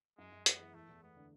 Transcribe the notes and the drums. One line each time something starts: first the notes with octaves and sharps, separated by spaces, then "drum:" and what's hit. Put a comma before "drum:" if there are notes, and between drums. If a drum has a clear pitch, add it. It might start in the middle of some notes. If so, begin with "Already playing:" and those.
F#2 G#3
F#2
G#3 B3, drum: hi-hat
E3
E2 A3
E2
A3 B3
D3